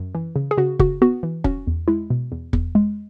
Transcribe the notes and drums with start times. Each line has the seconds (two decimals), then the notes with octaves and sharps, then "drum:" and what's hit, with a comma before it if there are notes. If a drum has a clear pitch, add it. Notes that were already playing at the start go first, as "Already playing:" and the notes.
Already playing: F#2
0.15 E3
0.36 C#3
0.51 G#4
0.57 C#3 F#4
0.79 C#3 F#4, drum: kick
1.02 B3 F#4
1.23 E3
1.44 C#4 F#4, drum: kick
1.67 E2
1.88 G#3 E4
2.10 B2
2.32 E2
2.53 E2, drum: kick
2.75 G#3